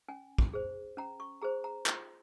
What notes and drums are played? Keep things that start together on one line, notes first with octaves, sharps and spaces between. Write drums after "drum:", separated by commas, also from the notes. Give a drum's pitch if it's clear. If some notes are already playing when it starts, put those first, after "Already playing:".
C#4 G#5
drum: kick
G#4 C5
C#4 A#5
C#6
G#4 C5 A#5
A#5
F4, drum: clap